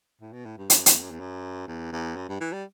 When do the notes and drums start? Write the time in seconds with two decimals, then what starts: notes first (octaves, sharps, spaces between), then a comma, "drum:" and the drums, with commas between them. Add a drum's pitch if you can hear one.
0.21 A2
0.33 B2
0.45 A2
0.58 G2
0.70 F#2, drum: hi-hat
0.86 E2, drum: hi-hat
1.02 F#2
1.11 E2
1.20 F#2
1.68 E2
1.92 E2
2.16 F#2
2.29 G2
2.41 E3
2.53 G3